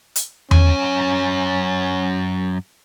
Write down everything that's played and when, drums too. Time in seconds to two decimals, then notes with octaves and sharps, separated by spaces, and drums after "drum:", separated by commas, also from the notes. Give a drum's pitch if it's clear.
0.16 drum: hi-hat
0.51 F#2 C#4 G#5, drum: tom E2